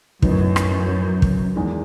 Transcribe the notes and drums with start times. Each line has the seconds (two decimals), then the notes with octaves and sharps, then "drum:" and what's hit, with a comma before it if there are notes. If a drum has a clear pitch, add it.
0.22 F#2 A2 F#3 B3 D#4, drum: kick
0.56 drum: rim click
1.22 drum: kick
1.56 E2 D#3 G#3